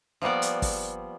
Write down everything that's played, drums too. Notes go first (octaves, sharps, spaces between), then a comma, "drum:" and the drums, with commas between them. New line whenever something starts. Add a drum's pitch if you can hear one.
F3 G3 A#3 B3 D5
drum: hi-hat
drum: kick, open hi-hat